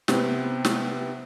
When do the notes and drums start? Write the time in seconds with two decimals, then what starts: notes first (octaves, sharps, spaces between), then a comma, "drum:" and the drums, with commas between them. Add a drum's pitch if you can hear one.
0.08 C3 B3 C4, drum: snare
0.65 drum: snare